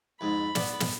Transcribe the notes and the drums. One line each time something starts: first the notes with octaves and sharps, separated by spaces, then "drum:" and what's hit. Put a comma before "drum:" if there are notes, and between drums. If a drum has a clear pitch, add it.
F2 G#2 B5
B3 D5, drum: snare
drum: snare